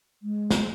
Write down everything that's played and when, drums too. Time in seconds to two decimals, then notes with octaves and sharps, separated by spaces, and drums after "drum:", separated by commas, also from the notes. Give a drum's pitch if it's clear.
0.23 G#3
0.51 drum: snare